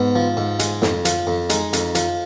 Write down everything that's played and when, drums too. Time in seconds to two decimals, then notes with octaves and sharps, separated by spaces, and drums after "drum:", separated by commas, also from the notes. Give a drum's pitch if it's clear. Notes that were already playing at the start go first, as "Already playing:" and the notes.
Already playing: G#2 B3
0.16 F3
0.37 G#2
0.59 G#3, drum: hi-hat
0.82 F2, drum: snare
1.05 F3, drum: hi-hat
1.27 F2
1.50 G#3 D#4, drum: hi-hat
1.73 F2, drum: hi-hat
1.95 F3, drum: hi-hat